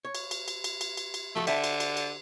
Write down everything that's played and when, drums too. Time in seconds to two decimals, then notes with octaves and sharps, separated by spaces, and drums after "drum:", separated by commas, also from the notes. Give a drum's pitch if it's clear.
0.05 C#5
0.15 drum: cymbal
0.31 drum: cymbal
0.48 drum: cymbal
0.64 drum: cymbal
0.81 drum: cymbal
0.97 drum: cymbal
1.14 drum: cymbal
1.36 F3 A3 F#4 A4
1.47 D3 E5 G5 A5, drum: cymbal
1.64 drum: cymbal
1.80 drum: cymbal
1.97 drum: cymbal